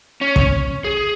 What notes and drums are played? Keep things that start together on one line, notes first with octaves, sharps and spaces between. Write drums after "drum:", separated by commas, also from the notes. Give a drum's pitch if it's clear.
C#4
drum: kick
G#4